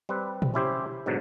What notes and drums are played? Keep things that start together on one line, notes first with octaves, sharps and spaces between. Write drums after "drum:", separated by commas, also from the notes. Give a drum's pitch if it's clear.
G3 C4 B4
drum: tom A#2
C#4 E4 G4 C5
G#2 B2 D3 F#3